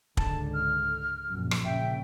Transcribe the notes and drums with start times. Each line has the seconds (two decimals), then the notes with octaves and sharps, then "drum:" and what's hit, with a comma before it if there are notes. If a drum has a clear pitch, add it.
0.17 C#2 G#2 D3 A5, drum: kick
0.53 F6
1.31 A#1 F#2
1.51 drum: rim click
1.65 A#2 C#3 E5 G5